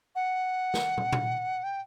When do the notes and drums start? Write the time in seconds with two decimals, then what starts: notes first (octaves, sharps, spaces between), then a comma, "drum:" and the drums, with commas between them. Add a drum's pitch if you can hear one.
0.15 F#5
0.74 drum: snare
0.97 drum: tom
1.12 drum: tom A#2
1.63 G5